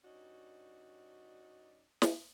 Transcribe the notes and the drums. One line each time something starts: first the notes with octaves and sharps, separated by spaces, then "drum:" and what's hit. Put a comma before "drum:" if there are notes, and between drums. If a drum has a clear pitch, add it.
G2 C#4 D#4 F#4 D5
drum: snare